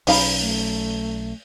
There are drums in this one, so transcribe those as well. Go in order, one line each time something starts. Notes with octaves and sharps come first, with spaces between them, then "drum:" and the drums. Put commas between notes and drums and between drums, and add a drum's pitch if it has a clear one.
B1 F#3 C#4 D#4 F5 B5, drum: open hi-hat
A3